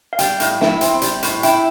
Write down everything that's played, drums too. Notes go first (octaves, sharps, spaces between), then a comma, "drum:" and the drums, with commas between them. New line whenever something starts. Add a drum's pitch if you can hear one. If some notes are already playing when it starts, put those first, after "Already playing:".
F5
G3 G5, drum: hi-hat
A2, drum: hi-hat
E4, drum: snare
C4, drum: hi-hat
G3, drum: hi-hat
A2, drum: hi-hat
E4 G5, drum: hi-hat